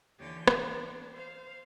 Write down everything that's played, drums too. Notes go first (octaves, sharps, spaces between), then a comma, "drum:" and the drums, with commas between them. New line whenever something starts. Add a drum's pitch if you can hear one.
D#2 D3 E3 G4 C#5 G6
D4, drum: rim click
C5 F5